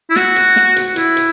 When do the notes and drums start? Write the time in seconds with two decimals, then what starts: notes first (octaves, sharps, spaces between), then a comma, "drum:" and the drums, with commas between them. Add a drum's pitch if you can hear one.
0.10 E4
0.16 F#4, drum: snare
0.36 drum: hi-hat
0.56 drum: snare
0.76 drum: hi-hat
0.96 E4, drum: hi-hat
1.17 drum: hi-hat